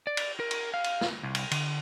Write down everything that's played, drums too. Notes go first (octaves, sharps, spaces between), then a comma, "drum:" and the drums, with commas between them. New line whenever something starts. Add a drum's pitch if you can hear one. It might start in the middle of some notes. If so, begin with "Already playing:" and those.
D5
drum: cymbal
A#4
drum: cymbal
F5
drum: cymbal
drum: snare
C2
drum: cymbal
D3, drum: cymbal